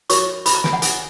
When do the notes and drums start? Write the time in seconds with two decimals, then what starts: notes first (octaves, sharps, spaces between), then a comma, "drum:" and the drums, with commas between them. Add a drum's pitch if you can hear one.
0.10 F#4 A#4 C#5 C#6, drum: hi-hat
0.46 B5, drum: hi-hat
0.55 A#5
0.64 G#5, drum: snare
0.73 F#5
0.82 G#5, drum: hi-hat